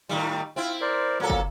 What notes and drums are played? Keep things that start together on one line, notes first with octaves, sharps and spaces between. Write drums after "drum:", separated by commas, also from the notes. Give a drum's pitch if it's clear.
A2 D#3 G3 F4
C4 E4 F4
A#4 C5 D5
A#2 F#3 A#3 A4
drum: kick